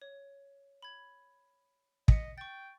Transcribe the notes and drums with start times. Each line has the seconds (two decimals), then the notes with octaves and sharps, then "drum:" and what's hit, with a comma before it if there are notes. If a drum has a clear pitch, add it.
0.02 C#5
0.82 B5 G#6
2.08 D#5 B6 C#7, drum: kick
2.38 G5 C#6 A6